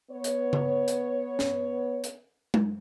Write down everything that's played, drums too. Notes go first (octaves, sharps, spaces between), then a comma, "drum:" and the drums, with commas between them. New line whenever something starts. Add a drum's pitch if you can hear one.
B3 C#5
drum: hi-hat
drum: tom C#3
drum: hi-hat
drum: snare
drum: hi-hat
drum: tom G#3